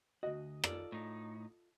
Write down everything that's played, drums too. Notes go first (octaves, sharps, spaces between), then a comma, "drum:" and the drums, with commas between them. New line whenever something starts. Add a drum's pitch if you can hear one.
D2 F#4 D#5
F4 A4 D5, drum: rim click
A2 D#4